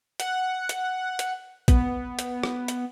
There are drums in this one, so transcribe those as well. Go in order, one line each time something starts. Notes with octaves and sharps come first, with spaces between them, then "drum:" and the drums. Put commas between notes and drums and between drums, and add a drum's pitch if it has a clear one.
F#5, drum: hi-hat
drum: hi-hat
drum: hi-hat
B3, drum: kick A1, hi-hat
drum: hi-hat
drum: rim click
drum: hi-hat